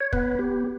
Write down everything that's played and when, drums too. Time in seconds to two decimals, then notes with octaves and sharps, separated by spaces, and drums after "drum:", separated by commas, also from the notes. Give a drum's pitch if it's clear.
0.01 C#5
0.13 B3 B4, drum: kick
0.39 B3 G4